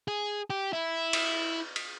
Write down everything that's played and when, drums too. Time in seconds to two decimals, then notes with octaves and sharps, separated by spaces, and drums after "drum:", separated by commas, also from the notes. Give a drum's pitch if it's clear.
0.08 G#4
0.50 G4
0.73 E4
1.13 drum: cymbal
1.76 drum: cymbal